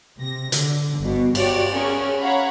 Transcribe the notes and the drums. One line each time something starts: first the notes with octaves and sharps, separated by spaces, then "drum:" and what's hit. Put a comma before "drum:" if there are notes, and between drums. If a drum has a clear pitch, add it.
C3 A#6
D3, drum: hi-hat
G1 B2
F#4 G4 C#5 D5, drum: cymbal
C#4 G#4 A#4 C#5
C#5 F5 F#5 A#5 B5